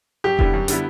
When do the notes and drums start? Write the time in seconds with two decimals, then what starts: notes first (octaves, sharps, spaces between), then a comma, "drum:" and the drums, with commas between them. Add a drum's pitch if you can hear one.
0.24 F#2 G4
0.39 D3 G3 B3 E4, drum: kick E1
0.53 F#2
0.68 D3 G3 B3 E4, drum: hi-hat